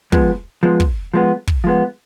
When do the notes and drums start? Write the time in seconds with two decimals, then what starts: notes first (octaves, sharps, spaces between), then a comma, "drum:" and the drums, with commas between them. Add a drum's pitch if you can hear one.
0.12 F3 G#3 B3, drum: kick
0.63 F3 G#3 B3
0.80 drum: kick
1.14 F3 G#3 B3
1.47 drum: kick
1.64 F3 G#3 B3